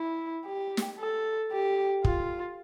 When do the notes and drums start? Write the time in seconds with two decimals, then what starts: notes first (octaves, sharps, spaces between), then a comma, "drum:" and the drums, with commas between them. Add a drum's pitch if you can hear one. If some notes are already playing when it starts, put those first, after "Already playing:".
Already playing: E4
0.47 G4
0.77 drum: snare
0.99 A4
1.52 G4
2.04 F4, drum: kick